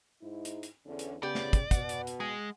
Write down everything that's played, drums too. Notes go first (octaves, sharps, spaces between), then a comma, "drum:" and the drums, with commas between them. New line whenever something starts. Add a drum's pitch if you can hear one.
G#2 D#4 E4
drum: hi-hat
drum: hi-hat
E2 D3 C#4
drum: hi-hat
C#3 B3 G4 D5
drum: snare
drum: kick, hi-hat
B2 F#5, drum: kick, hi-hat
drum: hi-hat
drum: hi-hat
G#3 G#5